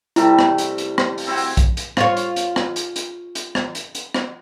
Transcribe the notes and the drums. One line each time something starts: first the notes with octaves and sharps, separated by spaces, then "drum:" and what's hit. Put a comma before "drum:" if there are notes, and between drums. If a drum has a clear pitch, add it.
C3 G3 A3 E4, drum: hi-hat
drum: rim click
drum: hi-hat
drum: hi-hat
drum: rim click
drum: open hi-hat
C4 E4 F#4
drum: open hi-hat
drum: kick, hi-hat
drum: hi-hat
F4 C#5, drum: rim click
drum: hi-hat
drum: hi-hat
drum: rim click
drum: hi-hat
drum: hi-hat
drum: hi-hat
drum: rim click
drum: hi-hat
drum: hi-hat
drum: rim click